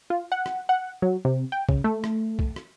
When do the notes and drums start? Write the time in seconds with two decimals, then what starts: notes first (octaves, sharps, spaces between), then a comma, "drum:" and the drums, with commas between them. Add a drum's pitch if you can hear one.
0.10 F4
0.32 F#5
0.46 drum: rim click
0.69 F#5
1.02 F#3
1.25 C3
1.52 G5
1.69 C#3, drum: kick
1.84 A3
2.04 drum: rim click
2.39 drum: kick
2.56 drum: rim click